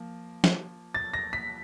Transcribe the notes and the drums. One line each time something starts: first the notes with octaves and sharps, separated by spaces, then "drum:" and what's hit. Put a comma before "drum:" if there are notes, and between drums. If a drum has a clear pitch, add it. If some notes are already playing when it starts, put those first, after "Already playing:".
Already playing: F3 A#3
drum: snare
A6
A#6
B6